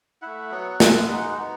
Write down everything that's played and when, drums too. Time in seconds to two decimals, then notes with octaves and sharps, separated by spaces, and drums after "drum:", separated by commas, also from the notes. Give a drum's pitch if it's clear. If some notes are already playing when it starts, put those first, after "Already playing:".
0.22 A3 E4 F#5
0.51 F#3 B3 F#4
0.80 G#3 B3 E4, drum: snare
1.09 G#3 D#4 F#4 F#5
1.38 B3 D#4 F#4